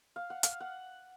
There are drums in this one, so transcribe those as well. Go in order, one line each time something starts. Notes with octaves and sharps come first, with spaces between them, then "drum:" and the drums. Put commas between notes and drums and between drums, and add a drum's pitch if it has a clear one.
F5
F#5
F5, drum: hi-hat
F#5